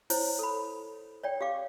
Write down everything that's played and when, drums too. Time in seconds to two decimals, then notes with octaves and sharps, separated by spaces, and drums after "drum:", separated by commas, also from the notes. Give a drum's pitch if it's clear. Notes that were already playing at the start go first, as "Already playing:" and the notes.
0.10 E4 C5 C#5, drum: open hi-hat
0.39 A4 B5
1.24 C#5 D5 G5
1.41 G4 F5 D6